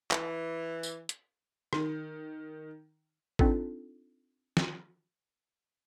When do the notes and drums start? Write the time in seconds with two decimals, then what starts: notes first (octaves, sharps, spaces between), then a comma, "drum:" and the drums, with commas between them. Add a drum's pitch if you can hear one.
0.11 E3, drum: clap
0.83 drum: tambourine
1.09 drum: hi-hat
1.73 D#3, drum: rim click
3.39 C4 D4 D#4 F4 A4, drum: kick G#1
4.57 drum: snare